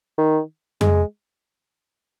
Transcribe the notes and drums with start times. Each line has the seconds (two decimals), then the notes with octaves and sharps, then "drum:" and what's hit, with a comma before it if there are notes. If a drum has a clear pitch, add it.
0.18 D#3
0.81 G#3, drum: tom F2